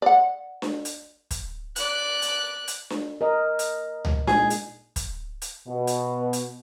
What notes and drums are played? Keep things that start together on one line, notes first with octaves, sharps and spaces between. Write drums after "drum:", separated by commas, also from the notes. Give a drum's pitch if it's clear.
D5 F#5
drum: snare D4
drum: hi-hat
drum: kick, hi-hat
D5 F#6, drum: hi-hat
drum: hi-hat
drum: hi-hat
drum: snare D4
A#4 D#5
drum: hi-hat
drum: tom C#2
A#2 G#3 D#4 G#4, drum: snare D4
drum: hi-hat
drum: kick, hi-hat
drum: hi-hat
B2
drum: hi-hat
drum: hi-hat